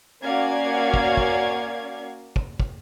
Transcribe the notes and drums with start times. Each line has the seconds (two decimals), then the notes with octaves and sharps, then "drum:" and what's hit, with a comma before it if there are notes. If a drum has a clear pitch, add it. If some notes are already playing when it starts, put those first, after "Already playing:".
0.23 A#3 C#4 F#4 D5 F5 G#6
0.94 drum: kick
1.17 drum: kick
2.36 drum: kick
2.60 drum: kick